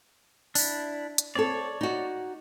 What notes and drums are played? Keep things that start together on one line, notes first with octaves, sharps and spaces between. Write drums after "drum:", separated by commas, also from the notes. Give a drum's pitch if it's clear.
D4 E4, drum: open hi-hat
drum: hi-hat
C4 A4 C#5 D5
D#4 F#4